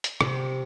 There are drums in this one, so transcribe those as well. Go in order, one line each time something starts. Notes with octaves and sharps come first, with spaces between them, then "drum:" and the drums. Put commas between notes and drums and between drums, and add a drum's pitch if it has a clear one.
drum: hi-hat
C3, drum: rim click